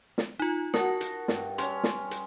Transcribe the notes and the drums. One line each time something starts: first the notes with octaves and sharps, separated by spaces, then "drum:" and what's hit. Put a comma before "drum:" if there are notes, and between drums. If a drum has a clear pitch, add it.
drum: snare
D#4 F4
F#4 A#4 A5, drum: snare
drum: hi-hat
G2, drum: snare
C#4 C6, drum: hi-hat
drum: snare
drum: hi-hat